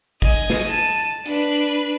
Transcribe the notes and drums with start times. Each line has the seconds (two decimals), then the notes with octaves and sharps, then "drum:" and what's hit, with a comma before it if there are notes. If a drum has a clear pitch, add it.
0.22 D#5 G#5, drum: kick
0.50 drum: snare
0.67 A5 D#7
1.26 D4 B4, drum: hi-hat